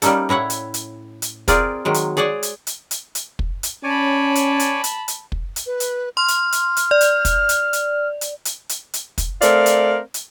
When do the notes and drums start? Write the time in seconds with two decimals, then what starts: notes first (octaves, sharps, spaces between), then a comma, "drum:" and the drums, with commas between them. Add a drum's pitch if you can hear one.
0.02 G3 A#3 C#4 D#4 A4, drum: hi-hat
0.29 A2 E4 C#5 F#5
0.50 drum: hi-hat
0.74 drum: hi-hat
1.22 drum: hi-hat
1.48 C4 F4 G#4 A#4 D5, drum: kick, hi-hat
1.85 D#3 F#3 G#3
1.94 drum: hi-hat
2.17 G#4 C#5 D5 F#5 G#5
2.43 drum: hi-hat
2.67 drum: hi-hat
2.91 drum: hi-hat
3.15 drum: hi-hat
3.39 drum: kick
3.63 drum: hi-hat
3.84 C#4 C#5 D5 G#5 A5 B5
4.35 drum: hi-hat
4.60 drum: hi-hat
4.84 drum: hi-hat
5.08 drum: hi-hat
5.32 drum: kick
5.56 drum: hi-hat
5.67 B4
5.80 drum: hi-hat
6.17 C6 F6
6.28 drum: hi-hat
6.52 drum: hi-hat
6.77 drum: hi-hat
6.91 D5
7.01 drum: hi-hat
7.25 drum: kick, hi-hat
7.49 drum: hi-hat
7.73 drum: hi-hat
8.21 drum: hi-hat
8.45 drum: hi-hat
8.69 drum: hi-hat
8.94 drum: hi-hat
9.18 drum: kick, hi-hat
9.42 A3 C4 A#4 D5 F5, drum: hi-hat
9.66 drum: hi-hat
10.14 drum: hi-hat